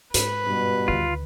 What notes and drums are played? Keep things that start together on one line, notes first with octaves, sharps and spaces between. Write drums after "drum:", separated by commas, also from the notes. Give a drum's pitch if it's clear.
G#2 B4, drum: hi-hat
G2 B2
D2 D#3 F4